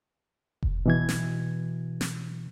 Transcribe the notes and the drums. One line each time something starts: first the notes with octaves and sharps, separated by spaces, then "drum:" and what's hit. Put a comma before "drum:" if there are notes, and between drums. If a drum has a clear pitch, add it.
drum: kick F1
B2 E3 G#6
drum: snare
drum: snare